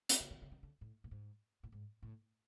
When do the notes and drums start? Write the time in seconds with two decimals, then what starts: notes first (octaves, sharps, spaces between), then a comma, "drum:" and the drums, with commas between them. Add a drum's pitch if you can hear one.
0.09 drum: hi-hat
0.20 D3
0.31 D#3
0.42 D3
0.52 D#3
0.63 D3
0.81 A2
1.04 A2
1.11 G#2
1.63 A2
1.72 G#2
2.03 A2